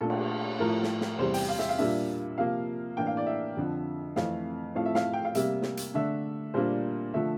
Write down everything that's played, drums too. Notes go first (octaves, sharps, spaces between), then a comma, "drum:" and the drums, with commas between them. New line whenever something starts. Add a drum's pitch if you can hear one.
A#2 A3 D4 A4
drum: cymbal
A2 F3 A3 A#4
drum: snare
drum: snare
E2 C3 G3 C5
G5, drum: open hi-hat
F5
E5, drum: snare
F5
A#2 G3 A#3 D4 E5
C3 F3 A#3 F5
A2 E3 A#3 D4 G5
F5
D5
E5
F2 D3 F3
F2 E3 A3 C4 F5, drum: snare
A2 F3 A3 C4 F5
E5
F5, drum: snare
G5
F5
C3 G3 A#3 E5, drum: hi-hat
drum: snare
drum: hi-hat
D3 A3 D4 E5
A#2 G3 A#3 D4 C5
D3 F3 A3 E5